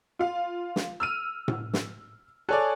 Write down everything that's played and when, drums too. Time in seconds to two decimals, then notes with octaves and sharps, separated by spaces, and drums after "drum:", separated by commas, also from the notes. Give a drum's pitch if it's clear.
0.19 F4 F5
0.76 drum: snare
1.00 E6 F6 D#7
1.48 drum: tom A2
1.73 drum: snare
2.49 G#4 A4 C#5 D5 G#5 F#6